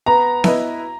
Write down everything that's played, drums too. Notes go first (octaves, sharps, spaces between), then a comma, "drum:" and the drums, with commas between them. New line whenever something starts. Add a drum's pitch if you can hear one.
B3 A#5
E4 B4 D#5, drum: snare B3